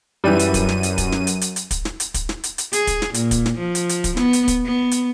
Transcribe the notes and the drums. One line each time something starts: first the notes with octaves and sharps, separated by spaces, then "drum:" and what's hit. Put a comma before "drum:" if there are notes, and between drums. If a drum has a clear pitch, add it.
F#2 E3 G3 D#7
drum: hi-hat
drum: kick, hi-hat
drum: snare
drum: hi-hat
drum: kick, hi-hat
drum: snare
drum: hi-hat
drum: hi-hat
drum: hi-hat
drum: kick, hi-hat
drum: snare
drum: hi-hat
drum: kick, hi-hat
drum: snare
drum: hi-hat
drum: hi-hat
G#4, drum: hi-hat
drum: kick, hi-hat
drum: snare
A#2, drum: hi-hat
drum: kick, hi-hat
drum: snare
F3
drum: hi-hat
drum: hi-hat
drum: kick, hi-hat
B3, drum: snare
drum: hi-hat
drum: kick, hi-hat
B3
drum: hi-hat